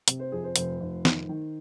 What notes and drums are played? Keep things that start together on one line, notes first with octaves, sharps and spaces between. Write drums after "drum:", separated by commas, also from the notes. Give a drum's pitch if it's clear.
C3, drum: hi-hat
C5
F2 G#4
C5
F1 C5, drum: hi-hat
F1
D#3, drum: snare
D#3